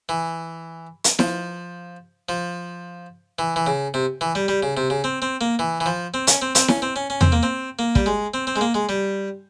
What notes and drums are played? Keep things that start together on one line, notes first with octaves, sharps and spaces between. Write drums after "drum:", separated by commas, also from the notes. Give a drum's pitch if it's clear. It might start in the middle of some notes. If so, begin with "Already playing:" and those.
E3
drum: hi-hat
F3, drum: snare E4
F3
E3
E3
C#3
C3
E3
G3
G3
C#3
C3
C#3
C4
C4
A#3
E3
E3
F3
C4
C#4, drum: hi-hat
C4
C4, drum: hi-hat
C#4, drum: snare E4
C4
C#4
C#4
C4, drum: tom E2
A#3
C4
A#3
G3, drum: kick
G#3
C4
C4
G#3
A#3
G#3
G3